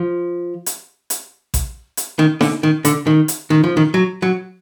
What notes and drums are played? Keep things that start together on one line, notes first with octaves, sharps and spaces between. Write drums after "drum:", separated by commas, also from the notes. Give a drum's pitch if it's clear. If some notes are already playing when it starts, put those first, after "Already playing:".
Already playing: F3
drum: hi-hat
drum: hi-hat
drum: kick A1, hi-hat
drum: hi-hat
D#3
D3, drum: snare D#4
D#3
D3, drum: hi-hat
D#3
drum: hi-hat
D#3
F3
D#3
F#3
F#3